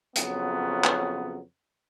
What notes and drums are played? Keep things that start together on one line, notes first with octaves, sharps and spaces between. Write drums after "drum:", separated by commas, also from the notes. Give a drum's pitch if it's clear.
F2 C#3 F#3 B3, drum: hi-hat
drum: clap